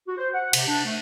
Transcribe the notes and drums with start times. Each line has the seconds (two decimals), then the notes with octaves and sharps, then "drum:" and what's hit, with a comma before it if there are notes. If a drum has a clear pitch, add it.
0.06 F#4
0.18 C5
0.33 F#5
0.53 C3, drum: cymbal
0.66 D4
0.85 A3